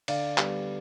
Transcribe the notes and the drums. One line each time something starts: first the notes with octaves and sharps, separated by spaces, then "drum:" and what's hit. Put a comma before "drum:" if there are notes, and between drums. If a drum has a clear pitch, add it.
D3 D5 F5, drum: cymbal
G3 B3, drum: clap